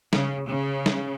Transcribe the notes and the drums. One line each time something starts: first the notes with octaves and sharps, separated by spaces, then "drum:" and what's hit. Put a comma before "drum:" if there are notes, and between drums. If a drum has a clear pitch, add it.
C#3, drum: snare
C#3
drum: snare